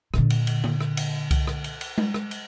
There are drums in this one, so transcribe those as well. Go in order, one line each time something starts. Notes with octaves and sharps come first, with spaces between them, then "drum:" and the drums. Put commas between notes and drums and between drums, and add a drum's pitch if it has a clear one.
A#2 D3, drum: rim click
drum: cymbal
drum: cymbal
drum: tom D3
drum: rim click
drum: cymbal
drum: kick C2, cymbal
drum: rim click
drum: cymbal
drum: cymbal
drum: tom G#3
drum: rim click
drum: cymbal